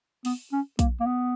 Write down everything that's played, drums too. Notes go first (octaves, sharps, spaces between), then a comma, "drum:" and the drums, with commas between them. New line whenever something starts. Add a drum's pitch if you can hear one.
B3, drum: open hi-hat
C#4
A#3, drum: kick, hi-hat
A#3
B3